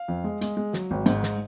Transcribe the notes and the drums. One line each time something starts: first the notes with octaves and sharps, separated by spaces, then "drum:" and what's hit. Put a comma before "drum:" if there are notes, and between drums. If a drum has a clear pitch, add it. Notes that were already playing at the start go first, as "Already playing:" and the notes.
Already playing: F5
F2
G#3
G#3, drum: hi-hat
G#3
F#3, drum: snare
G#1
G#2, drum: hi-hat
drum: snare